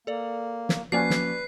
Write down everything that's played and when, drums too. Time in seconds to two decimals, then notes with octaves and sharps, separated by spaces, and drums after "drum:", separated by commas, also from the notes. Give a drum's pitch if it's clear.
0.07 A#3 A4 D5
0.69 drum: snare
0.92 F3 A#3 C#4 F#4 B4 D5 G#5 C7
1.10 drum: snare